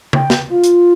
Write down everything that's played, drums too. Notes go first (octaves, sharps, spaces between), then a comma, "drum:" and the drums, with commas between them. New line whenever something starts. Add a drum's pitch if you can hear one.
G5, drum: tom C#3
drum: snare
F4
drum: hi-hat